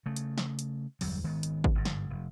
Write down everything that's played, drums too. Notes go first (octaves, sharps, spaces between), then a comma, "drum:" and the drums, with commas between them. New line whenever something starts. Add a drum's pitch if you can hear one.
C#3 A3
drum: hi-hat
drum: snare
drum: hi-hat
G1 E2 F#3 G3, drum: open hi-hat
G#1 D#3 G#3 B3
drum: hi-hat
drum: kick G#1
G1 G#2
drum: snare
F1